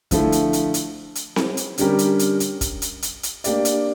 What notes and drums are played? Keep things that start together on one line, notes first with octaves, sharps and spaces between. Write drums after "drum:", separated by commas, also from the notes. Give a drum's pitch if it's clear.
D3 F3 A3 E4, drum: kick, hi-hat
drum: hi-hat
drum: hi-hat
drum: hi-hat
drum: hi-hat
drum: snare C4
drum: hi-hat
D3 G3 C#4 G4 A#4, drum: hi-hat
drum: hi-hat
drum: hi-hat
drum: hi-hat
drum: kick, hi-hat
drum: hi-hat
drum: hi-hat
drum: hi-hat
A#3 D4 G4 D5, drum: hi-hat
drum: hi-hat